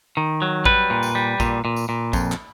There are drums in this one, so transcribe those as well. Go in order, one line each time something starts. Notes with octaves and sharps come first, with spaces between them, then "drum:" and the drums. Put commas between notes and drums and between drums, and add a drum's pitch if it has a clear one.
D#3
F#3
G3 B4, drum: kick A1
A#2
drum: tambourine
G3
A#2, drum: kick A1, tambourine
A#2
drum: tambourine
A#2
F2, drum: kick A1, tambourine
drum: clap